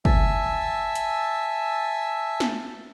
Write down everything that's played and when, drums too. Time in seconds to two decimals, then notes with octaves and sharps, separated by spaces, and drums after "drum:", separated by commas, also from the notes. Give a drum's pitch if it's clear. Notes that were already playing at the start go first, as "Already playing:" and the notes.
0.05 E5 G#5 A5 E6, drum: kick
0.95 drum: hi-hat
2.40 drum: snare